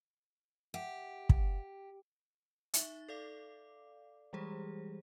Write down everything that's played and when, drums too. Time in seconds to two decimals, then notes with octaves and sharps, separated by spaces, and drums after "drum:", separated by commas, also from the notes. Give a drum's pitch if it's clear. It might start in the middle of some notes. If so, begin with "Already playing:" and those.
0.74 G4 E5 F#5
1.29 drum: kick
2.74 D#4 E5 C#6 A6, drum: hi-hat
3.09 A4 D5 F5 D6
4.33 E3 G3 G#3 G4 G#4 C5